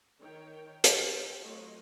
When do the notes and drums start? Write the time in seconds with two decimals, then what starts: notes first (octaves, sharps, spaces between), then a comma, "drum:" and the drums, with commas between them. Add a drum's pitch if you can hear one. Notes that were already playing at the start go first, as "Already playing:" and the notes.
0.19 D#3 C#5 G5
0.84 G4 C5 G5, drum: hi-hat
1.42 F#3 A3 C4 F4 C#5 D#5